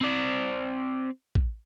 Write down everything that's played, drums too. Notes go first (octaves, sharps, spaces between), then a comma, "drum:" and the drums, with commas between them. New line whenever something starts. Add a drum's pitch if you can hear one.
C4 D5
drum: kick